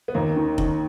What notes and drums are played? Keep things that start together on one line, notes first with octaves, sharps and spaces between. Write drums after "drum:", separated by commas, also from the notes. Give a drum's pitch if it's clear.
B3
D#2 A#3
D#3
D#3, drum: kick F1